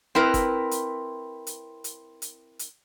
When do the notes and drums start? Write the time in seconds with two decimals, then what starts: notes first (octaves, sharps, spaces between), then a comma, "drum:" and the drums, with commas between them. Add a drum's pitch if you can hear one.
0.15 C4 E4 A#4 B4
0.34 drum: kick, hi-hat
0.71 drum: hi-hat
1.47 drum: hi-hat
1.84 drum: hi-hat
2.22 drum: hi-hat
2.59 drum: hi-hat